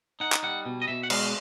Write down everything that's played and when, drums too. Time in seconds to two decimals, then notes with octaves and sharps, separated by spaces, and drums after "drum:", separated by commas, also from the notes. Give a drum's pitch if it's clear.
0.20 D#4 F#5
0.32 drum: clap
0.43 G3 F#5
0.66 B2
0.82 D#5
0.88 B2 E5
1.03 F#5
1.10 G#3 F5, drum: cymbal